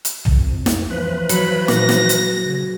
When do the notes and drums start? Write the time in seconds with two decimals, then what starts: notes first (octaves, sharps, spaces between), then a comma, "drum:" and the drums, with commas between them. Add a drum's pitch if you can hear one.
0.05 drum: hi-hat
0.25 drum: tom
0.38 F2
0.66 drum: snare
0.90 E3 F3 B4
1.29 F#3 B5, drum: hi-hat
1.68 A#2 A#6, drum: snare
1.89 drum: snare
2.09 drum: hi-hat
2.46 C#3